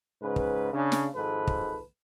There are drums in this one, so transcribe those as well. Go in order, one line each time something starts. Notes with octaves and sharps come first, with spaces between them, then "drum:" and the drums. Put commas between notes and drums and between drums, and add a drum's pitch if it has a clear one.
G#2 C#3 B4
drum: kick
C#3 D4
drum: snare
G#1 G#2 F3 A4 B4
drum: kick